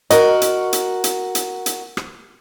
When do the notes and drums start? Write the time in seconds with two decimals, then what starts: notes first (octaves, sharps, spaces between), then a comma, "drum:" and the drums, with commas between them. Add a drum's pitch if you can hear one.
0.10 F#4 A#4 D#5, drum: hi-hat
0.42 drum: hi-hat
0.73 drum: hi-hat
1.04 drum: hi-hat
1.35 drum: hi-hat
1.66 drum: hi-hat
1.97 drum: rim click